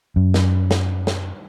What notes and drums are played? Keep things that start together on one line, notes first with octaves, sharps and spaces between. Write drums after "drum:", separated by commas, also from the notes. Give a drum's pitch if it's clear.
F#2
drum: snare
drum: snare
drum: snare